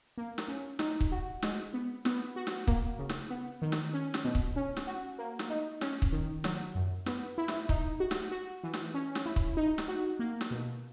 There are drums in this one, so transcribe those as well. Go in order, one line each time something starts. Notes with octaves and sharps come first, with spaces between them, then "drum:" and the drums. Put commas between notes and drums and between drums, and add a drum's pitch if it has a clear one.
A#3
drum: snare
C#4
D#4, drum: snare
drum: kick
F#4
G#3, drum: snare
B3
B3, drum: snare
F#4
drum: snare
A#3, drum: kick
C#3
drum: snare
B3
D#3
drum: snare
C#4
drum: snare
B2
drum: kick
C#4
drum: snare
F#4
A#3
drum: snare
D#4
C#4, drum: snare
drum: kick
D#3
F#3, drum: snare
F#2
B3, drum: snare
E4
drum: snare
D#4, drum: kick
F#4
drum: snare
F#4
E3
drum: snare
C#4
drum: snare
E4
drum: kick
D#4
drum: snare
F#4
A#3
drum: snare
B2